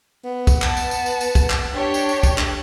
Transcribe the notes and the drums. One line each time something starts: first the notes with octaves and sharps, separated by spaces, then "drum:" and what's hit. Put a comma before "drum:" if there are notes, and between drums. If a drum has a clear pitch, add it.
B3
drum: kick, tambourine
A5, drum: clap
drum: tambourine
drum: tambourine
drum: tambourine
drum: tambourine
drum: kick, tambourine
drum: clap
D4 G4 C#5
drum: tambourine
drum: tambourine
drum: kick, tambourine
drum: clap